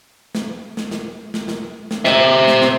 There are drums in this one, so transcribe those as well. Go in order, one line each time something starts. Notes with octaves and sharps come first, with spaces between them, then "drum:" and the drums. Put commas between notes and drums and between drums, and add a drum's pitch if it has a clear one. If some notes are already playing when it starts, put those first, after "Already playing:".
drum: snare
drum: snare
drum: snare
drum: snare
drum: snare
drum: snare
C5 E5, drum: snare
drum: snare
drum: snare